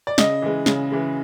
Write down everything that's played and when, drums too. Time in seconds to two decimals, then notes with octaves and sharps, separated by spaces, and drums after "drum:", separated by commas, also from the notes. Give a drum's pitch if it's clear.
0.07 D5
0.18 C#3 D#5, drum: snare
0.42 E3 G#3
0.66 C#3, drum: snare
0.92 E3 G#3